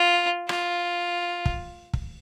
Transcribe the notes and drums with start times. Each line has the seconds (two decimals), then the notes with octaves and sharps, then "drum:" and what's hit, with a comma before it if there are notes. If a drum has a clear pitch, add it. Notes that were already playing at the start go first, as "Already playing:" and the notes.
Already playing: F4
0.49 F4, drum: rim click
1.46 drum: kick
1.93 drum: kick